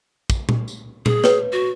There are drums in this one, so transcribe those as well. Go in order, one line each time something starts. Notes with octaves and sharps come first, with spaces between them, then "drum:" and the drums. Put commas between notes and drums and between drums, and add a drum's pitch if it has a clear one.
drum: kick, tambourine
drum: tom A#2
drum: tambourine
G#4, drum: tom A#2
B4 C#5, drum: snare
F#4